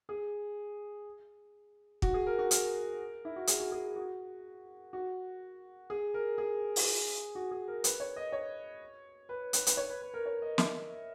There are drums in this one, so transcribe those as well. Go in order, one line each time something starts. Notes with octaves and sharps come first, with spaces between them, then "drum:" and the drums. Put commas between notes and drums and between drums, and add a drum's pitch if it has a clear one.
G#4
F#4, drum: kick
G#4
A#4
F#4
A#4, drum: hi-hat
E4
F#4
G#4, drum: hi-hat
F#4
G#4
F#4
F#4
G#4
A#4
G#4
drum: open hi-hat
F#4
G#4
A#4
B4, drum: hi-hat
C#5
D#5
C#5
B4
B4, drum: hi-hat
B4, drum: hi-hat
C#5
B4
B4
A#4
C#5
D#5
E5, drum: snare